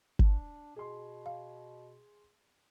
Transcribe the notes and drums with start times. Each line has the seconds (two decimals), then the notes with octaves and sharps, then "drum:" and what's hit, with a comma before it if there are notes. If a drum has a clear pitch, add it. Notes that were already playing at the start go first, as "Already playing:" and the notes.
0.19 D4, drum: kick G#1
0.76 B2 G#4 C6
1.26 F5